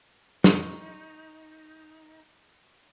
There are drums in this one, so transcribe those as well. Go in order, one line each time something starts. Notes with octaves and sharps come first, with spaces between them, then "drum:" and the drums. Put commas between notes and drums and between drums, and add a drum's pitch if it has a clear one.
D#4 C6 C#6, drum: snare